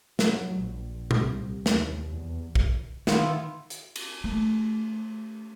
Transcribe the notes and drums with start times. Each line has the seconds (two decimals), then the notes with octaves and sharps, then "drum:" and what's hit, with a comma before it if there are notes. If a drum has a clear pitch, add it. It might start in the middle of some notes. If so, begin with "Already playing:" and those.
0.19 F#3, drum: snare
0.56 A#1
1.11 C2, drum: tom A#2
1.66 D#2, drum: snare
2.06 E2
2.55 drum: kick
3.07 D#3 B3 E4 F4, drum: snare
3.70 drum: hi-hat
3.96 drum: cymbal
4.24 A3